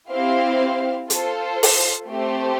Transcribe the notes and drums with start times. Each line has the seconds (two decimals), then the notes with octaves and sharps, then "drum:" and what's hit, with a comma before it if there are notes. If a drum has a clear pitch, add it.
0.12 C4 E4 G4 C5 F5
1.10 F4 A4 C5, drum: hi-hat
1.63 drum: open hi-hat
2.08 A3 C4 G4 C5